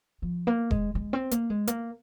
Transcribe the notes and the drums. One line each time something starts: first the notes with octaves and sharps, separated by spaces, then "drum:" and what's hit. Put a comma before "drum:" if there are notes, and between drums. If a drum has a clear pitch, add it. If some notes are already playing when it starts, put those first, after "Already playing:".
F3
A#3
G#3, drum: kick E1
G#3
C4
A#3, drum: hi-hat
G#3
A#3, drum: hi-hat